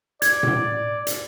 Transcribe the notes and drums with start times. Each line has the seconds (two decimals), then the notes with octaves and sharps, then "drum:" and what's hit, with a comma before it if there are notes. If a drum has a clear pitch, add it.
0.22 D5 G#6, drum: hi-hat
0.43 drum: tom A2
1.07 drum: hi-hat